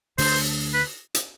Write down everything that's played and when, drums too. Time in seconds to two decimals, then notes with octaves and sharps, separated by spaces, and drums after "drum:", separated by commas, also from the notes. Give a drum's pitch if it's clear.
0.18 D2 D3 A3 D4 C5, drum: open hi-hat
0.74 B4
1.14 drum: hi-hat